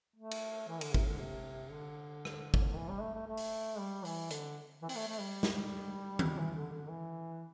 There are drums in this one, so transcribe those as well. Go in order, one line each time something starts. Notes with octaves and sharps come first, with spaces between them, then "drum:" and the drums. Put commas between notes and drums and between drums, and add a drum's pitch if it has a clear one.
A3
drum: cymbal
E3
D3, drum: cymbal
C3, drum: kick
D3
C3
D3
drum: rim click
drum: kick
E3
G3
A3
A3
A3
drum: open hi-hat
G3
E3, drum: open hi-hat
D3, drum: hi-hat
E3
C4, drum: open hi-hat
A3
A3
G3
drum: snare
drum: tom D#3
E3
D3
D3
E3